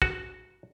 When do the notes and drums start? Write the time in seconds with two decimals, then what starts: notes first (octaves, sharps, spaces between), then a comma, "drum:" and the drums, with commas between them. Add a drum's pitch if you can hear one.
0.02 F#4, drum: kick